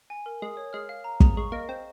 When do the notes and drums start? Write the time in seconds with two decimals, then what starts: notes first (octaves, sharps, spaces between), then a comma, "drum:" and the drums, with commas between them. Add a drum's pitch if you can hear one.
0.10 G#5
0.26 A#4
0.42 G#3 D#6
0.57 C#5
0.73 G#3 F6
0.89 F5
1.04 A#5
1.20 G#4, drum: kick
1.37 G#3 C#6
1.52 A#3 D#5
1.68 C4 F5